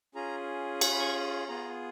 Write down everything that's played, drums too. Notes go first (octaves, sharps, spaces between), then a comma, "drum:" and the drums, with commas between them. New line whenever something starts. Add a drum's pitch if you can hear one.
C#4 F4 G#4 A#5
C#6, drum: cymbal
B5
C#6
B3 F4 G#4 A#5